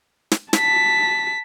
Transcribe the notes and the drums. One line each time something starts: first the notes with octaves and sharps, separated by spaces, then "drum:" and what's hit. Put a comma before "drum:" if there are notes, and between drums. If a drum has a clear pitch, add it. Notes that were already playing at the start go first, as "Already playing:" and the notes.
drum: snare
A5 B6, drum: snare